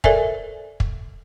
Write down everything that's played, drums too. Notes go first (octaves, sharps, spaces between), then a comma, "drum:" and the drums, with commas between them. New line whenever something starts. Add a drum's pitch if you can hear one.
A4 A#4 C5 D5 E5 G#5, drum: kick
drum: kick